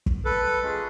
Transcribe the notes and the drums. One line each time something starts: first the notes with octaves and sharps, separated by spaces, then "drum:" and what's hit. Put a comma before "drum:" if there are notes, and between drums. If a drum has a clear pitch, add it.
drum: kick
A4 B4
G#3 C#4 F4 G#4